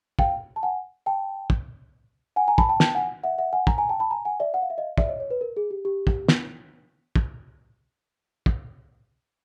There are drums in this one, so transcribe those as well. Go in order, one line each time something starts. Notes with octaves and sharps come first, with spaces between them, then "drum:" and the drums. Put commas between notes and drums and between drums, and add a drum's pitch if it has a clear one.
F5 G5, drum: kick
A5
F#5 G#5
G5 A5
drum: kick
F#5 G#5
G#5 A#5
A5 B5, drum: kick
G5 A5
G5 A5, drum: snare
F#5 G#5
E5 F#5
E5 F#5
F#5 G#5
G#5 A#5, drum: kick
G#5 A#5
G5 A5
A5 B5
G#5 A#5
F#5 G#5
D5 E5
F#5
F5
E5
D#5 F5
D5 E5, drum: kick
C#5 D#5
C#5
B4
A#4
G#4
G4
G4
drum: kick
drum: snare
drum: kick
drum: kick